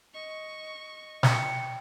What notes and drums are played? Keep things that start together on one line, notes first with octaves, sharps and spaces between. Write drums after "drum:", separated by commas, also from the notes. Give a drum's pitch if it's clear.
D#5 C#6
G5 C#7, drum: snare